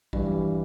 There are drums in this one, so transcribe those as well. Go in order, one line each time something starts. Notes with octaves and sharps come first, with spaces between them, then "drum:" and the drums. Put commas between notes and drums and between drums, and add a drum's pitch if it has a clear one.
G2 E3 G3, drum: kick